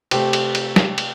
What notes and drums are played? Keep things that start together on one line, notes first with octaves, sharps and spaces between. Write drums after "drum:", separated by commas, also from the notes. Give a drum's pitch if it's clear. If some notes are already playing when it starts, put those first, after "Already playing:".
C3 A3 G4 C5, drum: cymbal
drum: cymbal
drum: cymbal
drum: snare
drum: cymbal